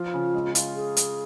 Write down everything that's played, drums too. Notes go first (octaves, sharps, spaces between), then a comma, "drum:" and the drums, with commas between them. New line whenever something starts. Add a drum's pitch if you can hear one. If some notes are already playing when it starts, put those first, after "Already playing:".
Already playing: F3 F4
C#3
G#3
F4, drum: hi-hat
G#4
drum: hi-hat